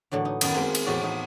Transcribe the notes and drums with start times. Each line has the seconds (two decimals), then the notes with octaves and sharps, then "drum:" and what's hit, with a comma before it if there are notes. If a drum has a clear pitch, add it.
0.12 A2 D3 E3 F#3
0.25 D#4
0.41 F#2 D#3 B3 D#4 A5, drum: cymbal
0.55 G#3 A#3 C4 G#4 B4
0.75 drum: cymbal
0.86 E2 A2 C4 F#4 D5
1.01 E2 D#4